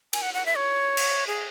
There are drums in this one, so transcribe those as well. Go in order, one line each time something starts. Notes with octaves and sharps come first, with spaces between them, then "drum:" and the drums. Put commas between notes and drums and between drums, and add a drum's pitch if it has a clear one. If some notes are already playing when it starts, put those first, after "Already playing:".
G#5, drum: cymbal
F#5
F#5
E5
C#5
drum: cymbal
G#4